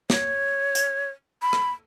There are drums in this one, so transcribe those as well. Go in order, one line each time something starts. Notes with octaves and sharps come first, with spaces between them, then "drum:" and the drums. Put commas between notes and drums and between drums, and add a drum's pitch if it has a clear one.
C#5, drum: snare
drum: hi-hat
B5
drum: rim click